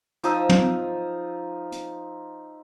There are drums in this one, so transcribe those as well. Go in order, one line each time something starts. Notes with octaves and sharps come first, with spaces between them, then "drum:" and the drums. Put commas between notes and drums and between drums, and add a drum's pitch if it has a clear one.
F3 D#4 D#6 E6, drum: hi-hat
drum: tom
drum: hi-hat